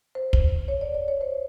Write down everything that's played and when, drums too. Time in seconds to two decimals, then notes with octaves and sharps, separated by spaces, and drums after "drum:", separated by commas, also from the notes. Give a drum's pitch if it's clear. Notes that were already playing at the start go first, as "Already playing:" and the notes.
0.15 C5
0.33 drum: kick
0.68 C#5
0.81 D5
0.94 D5
1.08 C#5
1.21 C5